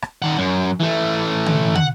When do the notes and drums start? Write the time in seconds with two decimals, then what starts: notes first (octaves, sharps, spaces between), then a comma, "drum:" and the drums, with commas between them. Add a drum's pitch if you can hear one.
0.02 drum: rim click
0.22 D#3 F#5
0.38 F#2
0.80 E3 A3
1.46 drum: tom
1.75 F#5, drum: tom